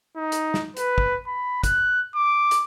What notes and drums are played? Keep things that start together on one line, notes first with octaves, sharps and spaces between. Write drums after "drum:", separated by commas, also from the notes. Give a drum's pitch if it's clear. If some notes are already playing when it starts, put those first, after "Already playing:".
D#4
drum: hi-hat
drum: snare
B4, drum: hi-hat
drum: kick
B5
F#6, drum: kick, hi-hat
D6
drum: hi-hat